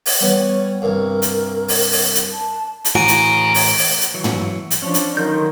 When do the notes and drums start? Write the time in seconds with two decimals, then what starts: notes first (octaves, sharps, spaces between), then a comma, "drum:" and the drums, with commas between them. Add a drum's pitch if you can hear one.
0.06 drum: open hi-hat
0.21 G3 B3 C#5
0.82 C2 G2 A#4
1.22 drum: hi-hat
1.68 drum: open hi-hat
1.92 drum: open hi-hat
2.15 drum: hi-hat
2.33 A5
2.85 drum: hi-hat
2.95 A2 C#3 E3 F#4 G#5 A#5 D7
3.08 drum: hi-hat
3.54 drum: open hi-hat
3.78 drum: open hi-hat
4.01 drum: hi-hat
4.14 E3 F#3
4.24 drum: tom
4.71 drum: hi-hat
4.82 F3 C#4 D4
4.94 drum: hi-hat
5.17 D3 D#3 F#3 D#4 C6 G6